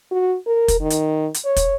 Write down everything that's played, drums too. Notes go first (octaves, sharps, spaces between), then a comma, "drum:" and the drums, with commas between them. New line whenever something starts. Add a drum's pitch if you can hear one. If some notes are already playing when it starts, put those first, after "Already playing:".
F#4
A#4
drum: kick, hi-hat
D#3
drum: hi-hat
drum: hi-hat
C#5
drum: kick, hi-hat